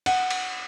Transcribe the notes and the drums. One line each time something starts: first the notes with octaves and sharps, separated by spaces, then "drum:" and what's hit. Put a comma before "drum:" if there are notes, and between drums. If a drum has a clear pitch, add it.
F#5, drum: cymbal
drum: cymbal